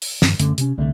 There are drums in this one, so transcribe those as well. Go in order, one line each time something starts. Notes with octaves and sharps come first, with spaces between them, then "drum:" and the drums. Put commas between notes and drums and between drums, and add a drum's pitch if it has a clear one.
drum: open hi-hat
G2 D#3 F3, drum: snare
F#2 D3 A3 C#4, drum: hi-hat
C3 C#4, drum: hi-hat
C2 D3 A3